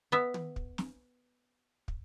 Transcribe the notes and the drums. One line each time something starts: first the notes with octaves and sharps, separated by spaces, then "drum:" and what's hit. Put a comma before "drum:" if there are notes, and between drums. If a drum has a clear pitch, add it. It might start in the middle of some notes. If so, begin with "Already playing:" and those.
B3 E5
drum: tom
drum: kick
drum: snare
drum: kick